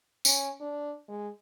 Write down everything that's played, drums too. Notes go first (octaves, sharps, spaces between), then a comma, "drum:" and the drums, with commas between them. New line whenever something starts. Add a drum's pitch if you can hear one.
C#4, drum: tambourine
D4
G#3